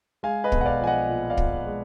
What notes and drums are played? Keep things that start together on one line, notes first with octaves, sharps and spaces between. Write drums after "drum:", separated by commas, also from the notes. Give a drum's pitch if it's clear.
G#3 F5 G#5
B4 D#5
B1, drum: kick
F#5
D5 F5
F3 G#5
D#5 F#5
A#2
D5 F5
A#2, drum: kick
G#3